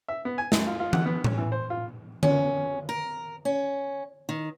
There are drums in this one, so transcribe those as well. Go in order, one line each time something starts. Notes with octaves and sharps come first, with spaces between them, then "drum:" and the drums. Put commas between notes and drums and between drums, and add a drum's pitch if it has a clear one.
E5
B3
G#5
F#2, drum: snare
F4
F4
F#5, drum: tom E3
B3
C#4, drum: tom A2
E3
C5
F4
C#4, drum: tom D3
A#4
C#4
D#3